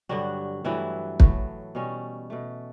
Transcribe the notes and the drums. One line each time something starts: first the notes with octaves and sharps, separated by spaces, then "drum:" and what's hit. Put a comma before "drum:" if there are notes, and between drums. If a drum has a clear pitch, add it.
G2 D3 F#3 G3 F#4
G2 E3 F#3 A3 E4
A2 F#3 A3, drum: kick
B2 G3 C#4
B2 A3